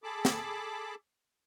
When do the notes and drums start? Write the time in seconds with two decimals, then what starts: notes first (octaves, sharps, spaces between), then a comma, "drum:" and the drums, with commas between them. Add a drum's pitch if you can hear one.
0.03 G#4 A4 A5 B5 D6
0.25 drum: snare